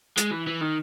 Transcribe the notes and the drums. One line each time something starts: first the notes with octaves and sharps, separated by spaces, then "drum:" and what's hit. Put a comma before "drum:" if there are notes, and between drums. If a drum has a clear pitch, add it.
G#3, drum: hi-hat
E3
E3
D#3